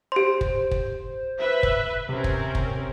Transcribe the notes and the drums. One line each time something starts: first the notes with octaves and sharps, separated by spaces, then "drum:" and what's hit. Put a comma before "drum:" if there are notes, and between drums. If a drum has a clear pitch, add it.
G4 C5 C6
drum: kick
drum: kick
B4 E5
drum: kick
C3 C4 C#4 A#4
drum: kick
drum: kick